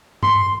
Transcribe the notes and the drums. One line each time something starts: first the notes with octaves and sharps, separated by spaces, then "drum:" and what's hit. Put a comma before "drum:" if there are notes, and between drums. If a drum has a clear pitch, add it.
C6, drum: tom G2